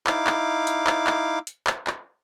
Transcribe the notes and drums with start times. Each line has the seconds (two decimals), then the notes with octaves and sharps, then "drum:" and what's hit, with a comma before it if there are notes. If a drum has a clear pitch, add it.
0.07 D#4 E4 F5 D6, drum: clap
0.27 drum: clap
0.67 drum: hi-hat
0.87 drum: clap
1.07 drum: clap
1.47 drum: hi-hat
1.67 drum: clap
1.87 drum: clap